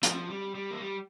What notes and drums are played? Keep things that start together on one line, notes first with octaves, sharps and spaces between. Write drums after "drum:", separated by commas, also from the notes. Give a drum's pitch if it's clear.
F3, drum: hi-hat
G3
G3
A#3
G3